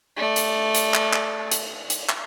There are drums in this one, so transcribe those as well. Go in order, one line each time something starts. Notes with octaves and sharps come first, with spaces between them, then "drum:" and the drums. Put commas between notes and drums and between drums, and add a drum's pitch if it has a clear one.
A3 D5
drum: hi-hat
drum: hi-hat
drum: clap
drum: clap
drum: hi-hat
drum: hi-hat
drum: clap